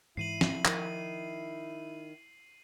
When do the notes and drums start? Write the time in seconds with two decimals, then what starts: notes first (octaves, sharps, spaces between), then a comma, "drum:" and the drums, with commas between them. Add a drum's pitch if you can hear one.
0.17 G#2 E3 E4 C7 D#7 F#7
0.41 drum: snare
0.65 D#3 F3, drum: clap